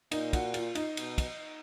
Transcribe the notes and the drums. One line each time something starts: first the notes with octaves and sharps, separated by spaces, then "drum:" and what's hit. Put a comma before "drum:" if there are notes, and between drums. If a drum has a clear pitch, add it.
A#2 D#4, drum: cymbal
F#4, drum: kick, cymbal
F4, drum: cymbal
D#4, drum: cymbal
B2, drum: cymbal
drum: kick, cymbal